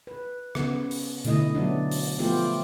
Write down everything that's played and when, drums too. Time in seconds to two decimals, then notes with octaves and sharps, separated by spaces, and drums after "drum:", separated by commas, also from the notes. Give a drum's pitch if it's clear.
0.07 B4
0.55 C#3 B3, drum: rim click
0.91 drum: open hi-hat
1.25 B2 D3 A3 E4 D#5, drum: hi-hat
1.55 F#3 B3 D4
1.91 drum: open hi-hat
2.19 F3 A3 B3 F4 G4